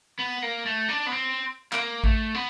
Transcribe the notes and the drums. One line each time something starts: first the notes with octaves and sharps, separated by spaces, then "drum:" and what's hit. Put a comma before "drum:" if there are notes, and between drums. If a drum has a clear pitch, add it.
B3
A#3
A3
D4
B3
C4
A#3, drum: clap
A3, drum: kick A1
B3